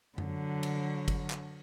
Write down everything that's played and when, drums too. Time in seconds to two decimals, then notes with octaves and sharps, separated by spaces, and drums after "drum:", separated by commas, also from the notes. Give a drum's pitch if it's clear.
0.18 D3 F#3, drum: tom F#2
0.63 drum: cymbal
1.08 drum: kick G1, cymbal
1.30 drum: clap